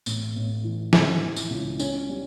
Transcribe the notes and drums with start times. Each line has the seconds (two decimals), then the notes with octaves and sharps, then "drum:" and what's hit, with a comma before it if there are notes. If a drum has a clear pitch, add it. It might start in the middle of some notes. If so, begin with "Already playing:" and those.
0.06 A1, drum: tambourine
0.36 A1
0.64 E3
0.93 E3, drum: snare
1.22 E3
1.36 drum: tambourine
1.50 C#2
1.79 C#4, drum: tambourine
2.09 G3